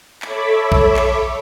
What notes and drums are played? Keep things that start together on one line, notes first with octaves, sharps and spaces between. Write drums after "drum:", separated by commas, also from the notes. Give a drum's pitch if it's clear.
A4 C#5 E5 B5 D6, drum: clap
drum: kick A#1
drum: clap